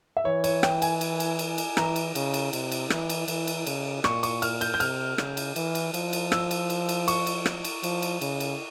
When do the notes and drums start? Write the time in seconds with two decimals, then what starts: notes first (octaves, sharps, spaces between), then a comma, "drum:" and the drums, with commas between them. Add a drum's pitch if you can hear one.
0.17 E5
0.25 E3 C#5
0.44 C#5, drum: cymbal
0.63 G5, drum: rim click
0.82 G#5, drum: cymbal
1.01 drum: cymbal
1.20 drum: cymbal
1.39 drum: cymbal
1.58 drum: cymbal
1.77 E3 A#5, drum: rim click
1.96 drum: cymbal
2.15 C#3, drum: cymbal
2.34 drum: cymbal
2.53 C3, drum: cymbal
2.72 drum: cymbal
2.90 E3, drum: rim click
3.09 drum: cymbal
3.28 E3, drum: cymbal
3.47 drum: cymbal
3.66 C#3, drum: cymbal
4.04 A#2 C#6, drum: rim click
4.23 C#6, drum: cymbal
4.42 F6, drum: cymbal
4.61 G6, drum: cymbal
4.74 G6
4.80 C3 F6, drum: cymbal
5.18 C#3, drum: rim click
5.37 drum: cymbal
5.56 E3, drum: cymbal
5.75 drum: cymbal
5.94 F3, drum: cymbal
6.13 drum: cymbal
6.32 E6, drum: rim click
6.51 drum: cymbal
6.70 drum: cymbal
6.89 drum: cymbal
7.08 C#6, drum: cymbal
7.27 drum: cymbal
7.46 drum: rim click
7.64 drum: cymbal
7.83 F3, drum: cymbal
8.02 drum: cymbal
8.21 C#3, drum: cymbal
8.40 drum: cymbal